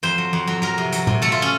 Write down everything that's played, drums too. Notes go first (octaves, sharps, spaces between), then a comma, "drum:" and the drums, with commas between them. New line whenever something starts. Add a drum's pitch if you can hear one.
F2 C5
F#3
F2
F#3
F#3 A#4
C3
F#3, drum: hi-hat
C3, drum: tom A#2
A3 A4
F4
C#4